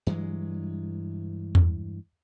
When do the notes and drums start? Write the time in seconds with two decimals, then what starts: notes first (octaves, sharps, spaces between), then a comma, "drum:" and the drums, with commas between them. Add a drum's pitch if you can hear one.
0.07 G2 E3 F#3 G#3
1.55 drum: tom E2